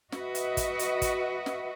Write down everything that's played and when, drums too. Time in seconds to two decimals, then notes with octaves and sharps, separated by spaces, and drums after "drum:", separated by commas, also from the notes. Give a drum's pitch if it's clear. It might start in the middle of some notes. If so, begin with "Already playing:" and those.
0.12 F#4 B4 D#5 E5, drum: snare
0.35 drum: hi-hat
0.57 drum: kick, hi-hat
0.79 drum: hi-hat
1.02 drum: kick, hi-hat
1.46 drum: snare